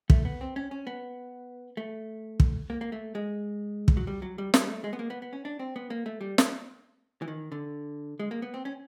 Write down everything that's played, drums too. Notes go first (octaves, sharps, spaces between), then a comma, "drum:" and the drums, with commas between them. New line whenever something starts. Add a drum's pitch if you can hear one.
A3, drum: kick
B3
C4
C#4
C#4
B3
A3
drum: kick
A#3
A#3
A3
G#3
drum: kick
F#3
G3
F#3
G3
G3, drum: snare
A3
G#3
B3
A#3
B3
B3
C#4
D4
C4
B3
A#3
A3
G3
drum: snare
E3
D#3
D3
G#3
A#3
B3
C4
C#4